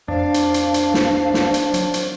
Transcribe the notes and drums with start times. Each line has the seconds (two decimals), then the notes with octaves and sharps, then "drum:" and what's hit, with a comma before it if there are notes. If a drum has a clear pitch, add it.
0.08 F2 D4 C5 F5
0.34 drum: hi-hat
0.54 drum: hi-hat
0.74 drum: hi-hat
0.94 drum: snare
1.34 drum: snare
1.54 drum: hi-hat
1.74 F#3, drum: hi-hat
1.94 drum: hi-hat